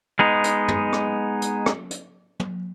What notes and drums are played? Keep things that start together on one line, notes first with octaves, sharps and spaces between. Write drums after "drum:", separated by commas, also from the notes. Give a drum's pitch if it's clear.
G#3 B3 D#4
drum: hi-hat
drum: tom
drum: rim click
drum: hi-hat
drum: rim click
drum: hi-hat
drum: tom